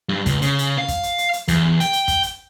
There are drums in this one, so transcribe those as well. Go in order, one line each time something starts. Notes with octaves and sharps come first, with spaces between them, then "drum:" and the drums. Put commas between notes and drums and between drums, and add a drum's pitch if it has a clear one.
G2
C#2, drum: kick, hi-hat
C#3, drum: hi-hat
drum: hi-hat
F5
drum: kick, hi-hat
drum: hi-hat
drum: hi-hat
drum: hi-hat
E2, drum: kick, hi-hat
G5, drum: hi-hat
drum: hi-hat
drum: kick, hi-hat
drum: hi-hat